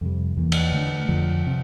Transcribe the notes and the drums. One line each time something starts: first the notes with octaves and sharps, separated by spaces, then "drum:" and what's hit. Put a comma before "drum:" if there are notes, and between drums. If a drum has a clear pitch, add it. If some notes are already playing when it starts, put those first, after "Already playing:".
F2 C3 G3
E2 E3 A#3
drum: cymbal
D3 A3 D4
F2 D3 F3
C3